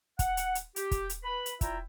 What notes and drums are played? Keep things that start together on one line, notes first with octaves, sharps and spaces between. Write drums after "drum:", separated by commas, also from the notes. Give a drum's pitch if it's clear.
F#5, drum: kick, hi-hat
drum: hi-hat
drum: hi-hat
G4, drum: hi-hat
drum: kick, hi-hat
drum: hi-hat
B4 B5
drum: hi-hat
E4 F4 D5 E5 G5 A#5, drum: kick, hi-hat